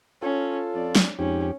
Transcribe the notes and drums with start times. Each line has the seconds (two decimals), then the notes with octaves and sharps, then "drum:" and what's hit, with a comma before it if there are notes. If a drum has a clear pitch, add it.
0.22 C#4 F4 A4
0.74 F2 D5
0.96 drum: snare
1.19 F2 G#2 C#4 G4